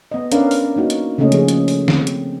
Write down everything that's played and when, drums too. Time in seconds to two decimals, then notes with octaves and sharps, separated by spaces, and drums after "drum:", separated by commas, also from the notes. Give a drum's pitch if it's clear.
0.12 B3 D#5
0.32 C#4 D4 A#4 B4 D5 F5, drum: hi-hat
0.51 drum: open hi-hat
0.76 A#3 D#4 F#4
0.90 drum: hi-hat
1.18 C#3 A3 A#3 C#4 D#5
1.32 F3 G#4, drum: hi-hat
1.48 drum: hi-hat
1.68 drum: open hi-hat
1.88 C4, drum: snare
2.07 drum: hi-hat